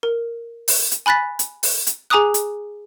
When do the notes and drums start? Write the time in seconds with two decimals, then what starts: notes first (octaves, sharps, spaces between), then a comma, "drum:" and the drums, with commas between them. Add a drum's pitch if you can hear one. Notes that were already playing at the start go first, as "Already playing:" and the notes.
0.03 A#4
0.68 drum: open hi-hat
0.91 drum: hi-hat
1.06 G#5 B5 F#6 A6 B6
1.39 drum: hi-hat
1.63 drum: open hi-hat
1.87 drum: hi-hat
2.10 G#4 G#5 A#5 D6 D#6 F#6
2.34 drum: hi-hat